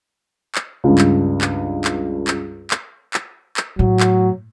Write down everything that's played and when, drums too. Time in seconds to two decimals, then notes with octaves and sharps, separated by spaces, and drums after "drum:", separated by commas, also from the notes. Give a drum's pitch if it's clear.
0.55 drum: clap
0.84 C#2 G2
0.98 drum: clap
1.41 drum: clap
1.84 drum: clap
2.27 drum: clap
2.71 drum: clap
3.14 drum: clap
3.57 drum: clap
3.79 A2 F#3
4.00 drum: clap